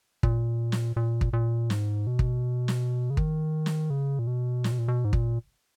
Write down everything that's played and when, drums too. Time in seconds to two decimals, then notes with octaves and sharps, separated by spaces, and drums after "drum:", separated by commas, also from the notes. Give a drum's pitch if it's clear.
0.23 A#2, drum: kick
0.72 drum: snare
0.96 A#2
1.21 drum: kick
1.33 A#2
1.70 G#2, drum: snare
2.07 B2
2.19 drum: kick
2.68 drum: snare
3.10 C#3
3.17 D#3, drum: kick
3.66 drum: snare
3.90 C#3
4.19 A#2
4.27 B2
4.64 A#2, drum: snare
4.71 B2
4.78 A#2
4.88 B2
5.04 G#2
5.13 A#2, drum: kick